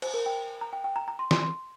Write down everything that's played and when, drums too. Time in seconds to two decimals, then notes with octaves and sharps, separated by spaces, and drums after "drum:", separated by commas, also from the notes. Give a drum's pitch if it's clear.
0.02 C5, drum: cymbal
0.14 A#4
0.26 G5
0.61 A#5
0.73 G5
0.84 G5
0.96 A#5
1.08 A#5
1.19 C6
1.31 C6, drum: snare
1.43 C6